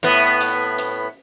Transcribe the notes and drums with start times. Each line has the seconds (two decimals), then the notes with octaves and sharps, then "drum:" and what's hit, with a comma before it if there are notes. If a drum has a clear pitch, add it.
0.03 A2 B3, drum: hi-hat
0.41 drum: hi-hat
0.78 drum: hi-hat